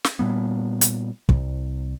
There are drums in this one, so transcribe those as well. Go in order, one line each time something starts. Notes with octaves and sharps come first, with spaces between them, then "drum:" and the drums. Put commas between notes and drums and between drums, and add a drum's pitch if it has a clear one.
drum: snare
A#2 G3 B3
drum: hi-hat
C2, drum: kick